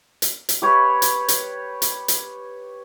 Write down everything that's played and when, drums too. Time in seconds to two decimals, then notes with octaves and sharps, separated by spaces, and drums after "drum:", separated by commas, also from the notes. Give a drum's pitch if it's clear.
0.22 drum: hi-hat
0.49 drum: hi-hat
0.62 G4 B4 C#5
1.02 drum: hi-hat
1.28 drum: hi-hat
1.82 drum: hi-hat
2.08 drum: hi-hat